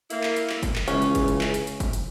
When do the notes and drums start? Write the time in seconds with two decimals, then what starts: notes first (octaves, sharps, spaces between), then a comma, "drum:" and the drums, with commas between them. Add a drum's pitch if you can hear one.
0.10 A#3 E4, drum: hi-hat
0.23 drum: clap
0.36 drum: hi-hat
0.50 drum: clap
0.63 drum: kick, hi-hat
0.76 drum: clap
0.88 C#2 C#3 E3 C#4, drum: hi-hat
1.02 drum: hi-hat
1.15 drum: kick, hi-hat
1.28 drum: hi-hat
1.41 drum: clap
1.54 drum: hi-hat
1.67 drum: hi-hat
1.80 drum: kick, hi-hat
1.93 drum: hi-hat